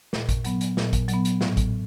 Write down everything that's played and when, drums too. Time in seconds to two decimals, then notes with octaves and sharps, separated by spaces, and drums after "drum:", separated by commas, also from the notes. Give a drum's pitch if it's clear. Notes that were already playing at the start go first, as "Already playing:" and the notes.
0.13 A#2, drum: snare
0.29 drum: kick A1, hi-hat
0.45 F#3 B3, drum: hi-hat
0.61 drum: hi-hat
0.77 A#2, drum: snare
0.93 drum: kick A1, hi-hat
1.08 F#3 B3, drum: hi-hat
1.25 drum: hi-hat
1.41 A2, drum: snare
1.57 drum: kick A1, hi-hat